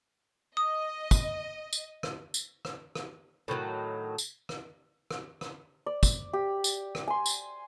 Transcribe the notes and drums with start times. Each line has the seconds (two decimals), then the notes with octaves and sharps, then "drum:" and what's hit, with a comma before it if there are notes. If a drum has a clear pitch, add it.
0.57 D#5 D#6
1.11 drum: kick, tambourine
1.73 drum: tambourine
2.03 drum: rim click
2.34 drum: tambourine
2.65 drum: rim click
2.95 drum: rim click
3.48 A2 D#3 F3 F#3
4.18 drum: tambourine
4.49 drum: rim click
5.11 drum: rim click
5.41 drum: rim click
5.86 D5
6.03 drum: kick, tambourine
6.33 G4
6.64 drum: tambourine
6.95 drum: rim click
7.08 G#5 C6
7.26 drum: tambourine